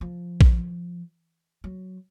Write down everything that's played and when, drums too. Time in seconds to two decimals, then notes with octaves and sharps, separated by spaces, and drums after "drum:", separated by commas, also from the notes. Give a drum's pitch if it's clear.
0.01 F3
0.41 drum: kick A#1
1.64 F#3